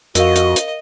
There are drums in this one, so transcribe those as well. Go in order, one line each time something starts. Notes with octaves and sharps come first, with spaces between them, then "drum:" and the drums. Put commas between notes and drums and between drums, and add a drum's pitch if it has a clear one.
F2 F#4 A#4 D#5 F5, drum: hi-hat
drum: hi-hat
drum: hi-hat